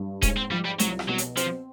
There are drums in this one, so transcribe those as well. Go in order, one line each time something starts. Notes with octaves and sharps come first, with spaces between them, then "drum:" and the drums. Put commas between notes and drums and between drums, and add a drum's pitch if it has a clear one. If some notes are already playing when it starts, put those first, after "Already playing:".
Already playing: G2
G#2 C#4, drum: kick D#1, hi-hat
C4
F3 G3
G3
C2 F#3, drum: hi-hat
drum: rim click
B2 F#3
drum: hi-hat
F3 C4, drum: hi-hat